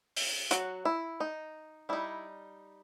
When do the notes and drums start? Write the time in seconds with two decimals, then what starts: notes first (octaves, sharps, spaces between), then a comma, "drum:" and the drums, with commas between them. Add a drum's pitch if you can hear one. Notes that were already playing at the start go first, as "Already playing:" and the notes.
0.16 drum: open hi-hat
0.51 F#3 F#4, drum: hi-hat
0.85 E4
1.20 D#4
1.89 G3 D#4 E4